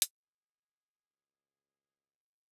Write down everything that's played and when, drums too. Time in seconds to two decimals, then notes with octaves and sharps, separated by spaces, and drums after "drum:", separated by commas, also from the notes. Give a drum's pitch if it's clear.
0.02 drum: hi-hat
0.23 G#4
1.10 C#2